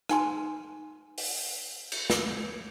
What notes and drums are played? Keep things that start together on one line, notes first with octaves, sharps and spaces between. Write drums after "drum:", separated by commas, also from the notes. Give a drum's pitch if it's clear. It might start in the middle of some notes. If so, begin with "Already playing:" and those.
D#4 G#5 C6, drum: rim click
drum: open hi-hat
drum: cymbal
drum: snare